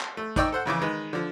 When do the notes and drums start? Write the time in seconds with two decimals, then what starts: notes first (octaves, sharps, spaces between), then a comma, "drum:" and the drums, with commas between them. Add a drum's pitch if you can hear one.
0.01 drum: clap
0.17 A3
0.36 G#2 D#4 D5 G5 C#6 E6, drum: kick, hi-hat
0.52 A4 C5 F#5
0.66 F2 C#3 E3 D6
0.81 D#3 G#3 B4
1.13 D3 F3